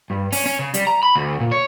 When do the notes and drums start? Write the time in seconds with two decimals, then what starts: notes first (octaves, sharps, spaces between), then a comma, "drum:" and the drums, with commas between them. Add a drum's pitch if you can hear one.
0.10 G2
0.32 C#4, drum: open hi-hat
0.46 C#4
0.59 C#3
0.74 G3, drum: hi-hat
0.87 A#5
1.03 B5
1.16 D2
1.40 A#2
1.52 C#5